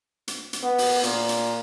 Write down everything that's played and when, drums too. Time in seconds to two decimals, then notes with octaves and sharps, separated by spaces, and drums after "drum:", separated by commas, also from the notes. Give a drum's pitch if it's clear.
0.28 drum: hi-hat
0.53 drum: hi-hat
0.63 B3
0.78 drum: open hi-hat
1.04 A#2, drum: hi-hat
1.29 drum: hi-hat